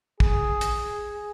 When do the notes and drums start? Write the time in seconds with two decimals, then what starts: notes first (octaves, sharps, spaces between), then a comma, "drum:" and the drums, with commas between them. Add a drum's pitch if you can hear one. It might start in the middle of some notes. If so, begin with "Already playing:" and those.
0.20 G#4, drum: kick
0.61 drum: hi-hat